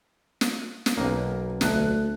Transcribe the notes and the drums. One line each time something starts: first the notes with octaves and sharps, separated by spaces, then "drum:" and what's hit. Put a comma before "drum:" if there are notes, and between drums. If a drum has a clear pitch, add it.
drum: snare
drum: snare
B1 A#3 C#4
D2 E5 A5 F#6, drum: snare